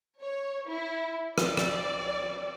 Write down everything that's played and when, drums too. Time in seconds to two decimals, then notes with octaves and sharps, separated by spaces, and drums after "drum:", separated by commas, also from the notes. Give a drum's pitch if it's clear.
0.21 C#5
0.67 E4
1.38 D5, drum: rim click
1.57 drum: rim click